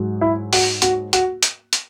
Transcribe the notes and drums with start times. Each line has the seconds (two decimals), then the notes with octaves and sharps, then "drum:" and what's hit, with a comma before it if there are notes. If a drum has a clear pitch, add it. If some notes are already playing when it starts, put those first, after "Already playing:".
Already playing: G#2 F#3
0.21 E4
0.53 F#4, drum: open hi-hat
0.82 F#4, drum: hi-hat
1.13 F#4, drum: hi-hat
1.43 drum: hi-hat
1.73 drum: hi-hat